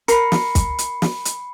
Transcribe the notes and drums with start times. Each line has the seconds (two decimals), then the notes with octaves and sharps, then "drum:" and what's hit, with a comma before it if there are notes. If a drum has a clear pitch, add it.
0.08 A#4 B5 C7 C#7, drum: hi-hat
0.32 drum: snare
0.55 drum: kick, hi-hat
0.79 drum: hi-hat
1.02 drum: snare
1.25 drum: hi-hat